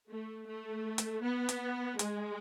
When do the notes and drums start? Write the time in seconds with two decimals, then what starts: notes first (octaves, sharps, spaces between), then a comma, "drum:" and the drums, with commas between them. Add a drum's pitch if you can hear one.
0.10 A3
0.47 A3
0.98 drum: hi-hat
1.23 B3
1.49 drum: hi-hat
1.99 G#3, drum: hi-hat